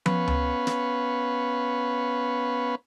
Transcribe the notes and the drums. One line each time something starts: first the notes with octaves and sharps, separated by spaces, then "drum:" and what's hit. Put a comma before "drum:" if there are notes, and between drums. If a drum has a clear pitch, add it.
B3 C#4 B4 F5, drum: tom
drum: tom C#2
drum: snare